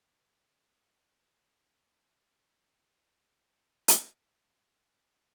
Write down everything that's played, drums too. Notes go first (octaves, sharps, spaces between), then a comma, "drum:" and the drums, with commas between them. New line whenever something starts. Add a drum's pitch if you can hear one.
F3
F#3
G#3
F#3
F3
drum: hi-hat
F3